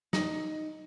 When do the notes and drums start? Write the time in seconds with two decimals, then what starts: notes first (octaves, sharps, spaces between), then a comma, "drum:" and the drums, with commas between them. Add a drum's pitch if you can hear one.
0.13 D#4, drum: snare